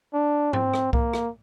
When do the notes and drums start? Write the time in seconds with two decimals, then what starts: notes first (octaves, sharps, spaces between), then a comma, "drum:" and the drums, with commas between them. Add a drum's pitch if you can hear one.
0.14 D4
0.53 C4, drum: tom G#2
0.74 drum: rim click
0.93 A#3, drum: kick C2
1.14 drum: rim click